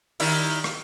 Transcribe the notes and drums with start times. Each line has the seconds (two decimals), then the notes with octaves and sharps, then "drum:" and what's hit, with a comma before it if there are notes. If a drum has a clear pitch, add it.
0.20 D#3 G3 E4, drum: open hi-hat
0.64 drum: rim click